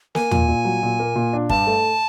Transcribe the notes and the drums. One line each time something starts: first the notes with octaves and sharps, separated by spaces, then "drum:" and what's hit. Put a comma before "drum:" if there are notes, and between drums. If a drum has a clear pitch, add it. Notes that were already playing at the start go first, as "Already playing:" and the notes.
A#3 G#5, drum: snare
A#2, drum: tom
A#2
F#3
A#2
A#3
A#2
D4
G2 A5, drum: kick
A3